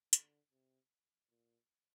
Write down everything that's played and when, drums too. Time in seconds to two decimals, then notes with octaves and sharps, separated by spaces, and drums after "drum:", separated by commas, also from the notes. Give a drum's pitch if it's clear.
0.13 D3, drum: hi-hat
0.52 C3
1.30 A#2